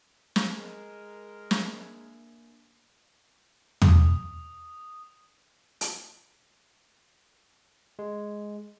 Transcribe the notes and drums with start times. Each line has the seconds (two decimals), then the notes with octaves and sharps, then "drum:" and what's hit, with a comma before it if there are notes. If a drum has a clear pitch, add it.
0.36 drum: snare
0.55 G#3 A#4
1.51 A#3 D4, drum: snare
3.82 D#6, drum: tom
5.81 drum: hi-hat
7.99 G#3